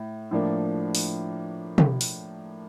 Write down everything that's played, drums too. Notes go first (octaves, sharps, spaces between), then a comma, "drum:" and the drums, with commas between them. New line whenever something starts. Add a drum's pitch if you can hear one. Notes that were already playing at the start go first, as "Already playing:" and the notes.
Already playing: A2
A2 F3 A#3 D4
drum: open hi-hat
drum: tom
drum: open hi-hat